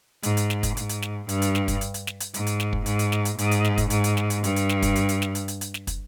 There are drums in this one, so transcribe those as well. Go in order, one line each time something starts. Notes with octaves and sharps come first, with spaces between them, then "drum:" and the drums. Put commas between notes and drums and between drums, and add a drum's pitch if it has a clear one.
G#2, drum: hi-hat
drum: hi-hat
drum: snare
drum: kick, hi-hat
G#2, drum: hi-hat
drum: hi-hat
drum: snare
G2, drum: hi-hat
drum: hi-hat
drum: snare
drum: kick, hi-hat
drum: hi-hat
drum: hi-hat
drum: snare
drum: hi-hat
G#2, drum: hi-hat
drum: hi-hat
drum: snare
drum: kick
G#2, drum: hi-hat
drum: hi-hat
drum: snare
drum: hi-hat
G#2, drum: hi-hat
drum: hi-hat
drum: snare
drum: kick, hi-hat
G#2, drum: hi-hat
drum: hi-hat
drum: snare
drum: hi-hat
G2, drum: hi-hat
drum: hi-hat
drum: snare
drum: kick, hi-hat
drum: hi-hat
drum: hi-hat
drum: snare
drum: hi-hat
drum: hi-hat
drum: hi-hat
drum: snare
drum: kick, hi-hat